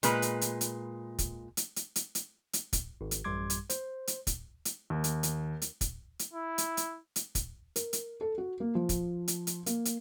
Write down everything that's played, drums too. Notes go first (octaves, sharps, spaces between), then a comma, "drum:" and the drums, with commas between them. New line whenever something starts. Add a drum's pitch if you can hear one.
A#2 G#3 B4, drum: hi-hat
drum: hi-hat
drum: hi-hat
drum: hi-hat
drum: kick, hi-hat
drum: hi-hat
drum: hi-hat
drum: hi-hat
drum: hi-hat
drum: hi-hat
drum: kick, hi-hat
G#1
drum: hi-hat
A1 F#2 G3 C6 D6 G#6
drum: hi-hat
C5, drum: hi-hat
drum: hi-hat
drum: kick, hi-hat
drum: hi-hat
D#2
drum: hi-hat
drum: hi-hat
drum: hi-hat
drum: kick, hi-hat
drum: hi-hat
E4
drum: hi-hat
drum: hi-hat
drum: hi-hat
drum: kick, hi-hat
A#4, drum: hi-hat
drum: hi-hat
A4
F#4
A#3
F3
drum: kick, hi-hat
drum: hi-hat
drum: hi-hat
A#3, drum: hi-hat
drum: hi-hat